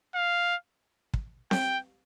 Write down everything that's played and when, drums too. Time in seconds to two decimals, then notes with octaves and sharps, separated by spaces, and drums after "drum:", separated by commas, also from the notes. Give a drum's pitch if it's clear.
0.15 F5
1.14 drum: kick
1.51 G5, drum: snare C4